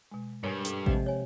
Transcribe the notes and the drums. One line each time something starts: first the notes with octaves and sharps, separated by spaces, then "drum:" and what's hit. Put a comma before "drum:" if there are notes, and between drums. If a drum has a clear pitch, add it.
B2 G#3
G2 A#4 C#5 G#5
C#4 A4 B4, drum: hi-hat
C3 F3 G#3 D#5 F#5, drum: kick A1
C#5 G#5